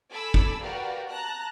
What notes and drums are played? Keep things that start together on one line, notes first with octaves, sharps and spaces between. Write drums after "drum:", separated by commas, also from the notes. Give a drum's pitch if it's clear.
A4 G#5 B5 D6 E6
drum: kick
F#4 G4 A#4 B4 D5 F5
A5 A#5 F#6